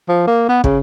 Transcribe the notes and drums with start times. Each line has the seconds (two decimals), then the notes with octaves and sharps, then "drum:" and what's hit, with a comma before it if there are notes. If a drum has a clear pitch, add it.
0.08 F3
0.27 A#3
0.49 B3
0.64 C#3, drum: kick